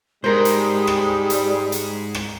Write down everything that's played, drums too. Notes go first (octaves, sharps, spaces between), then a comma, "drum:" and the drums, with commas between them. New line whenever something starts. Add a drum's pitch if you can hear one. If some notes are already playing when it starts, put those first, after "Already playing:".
G#2 G3 G#3 A#4 C5
drum: hi-hat
drum: rim click
drum: hi-hat
drum: hi-hat
drum: rim click